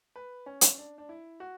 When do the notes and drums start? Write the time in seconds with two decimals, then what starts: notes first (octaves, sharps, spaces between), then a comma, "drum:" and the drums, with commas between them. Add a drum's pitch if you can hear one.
0.16 B4
0.46 C#4
0.61 drum: hi-hat
0.78 D4
0.98 D4
1.09 E4
1.40 F#4